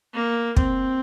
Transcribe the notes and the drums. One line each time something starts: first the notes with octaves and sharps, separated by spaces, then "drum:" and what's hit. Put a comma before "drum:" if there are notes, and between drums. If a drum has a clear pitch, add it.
A#3
C4, drum: kick